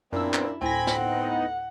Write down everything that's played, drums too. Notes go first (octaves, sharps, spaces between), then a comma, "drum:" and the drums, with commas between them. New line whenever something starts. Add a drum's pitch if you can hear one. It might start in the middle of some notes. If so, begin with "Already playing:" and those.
F#2 A#2 B3 C4 D4 E4 E6
drum: clap
D2 A2 C4 G#5 B5 A#6
drum: snare
B3 D#4 F#5